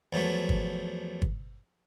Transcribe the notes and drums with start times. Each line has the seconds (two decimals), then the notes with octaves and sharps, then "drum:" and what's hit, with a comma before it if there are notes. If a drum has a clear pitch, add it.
0.13 E2 F3 F#3 A3
0.49 drum: kick
1.22 drum: kick